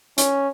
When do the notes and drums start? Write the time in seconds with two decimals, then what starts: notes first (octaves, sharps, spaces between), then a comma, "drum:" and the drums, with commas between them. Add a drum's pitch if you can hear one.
0.18 C#4, drum: hi-hat